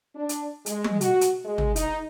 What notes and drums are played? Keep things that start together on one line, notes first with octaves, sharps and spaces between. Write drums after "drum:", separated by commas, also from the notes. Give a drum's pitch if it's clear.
D4
drum: hi-hat
G#3, drum: hi-hat
drum: tom
F#4, drum: hi-hat
drum: hi-hat
G#3
drum: tom
D#4, drum: hi-hat